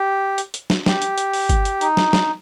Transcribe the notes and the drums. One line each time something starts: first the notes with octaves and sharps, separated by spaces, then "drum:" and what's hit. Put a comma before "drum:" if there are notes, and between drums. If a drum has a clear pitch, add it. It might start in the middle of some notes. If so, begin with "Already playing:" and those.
Already playing: G4
drum: hi-hat
drum: hi-hat
drum: snare
G4, drum: snare
drum: hi-hat
drum: hi-hat
drum: open hi-hat
drum: kick, hi-hat
drum: hi-hat
D#4, drum: hi-hat
drum: snare
drum: snare